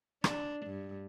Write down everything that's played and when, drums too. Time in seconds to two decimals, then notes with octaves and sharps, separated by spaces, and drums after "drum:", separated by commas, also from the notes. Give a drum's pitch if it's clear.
0.24 D4, drum: rim click
0.66 G2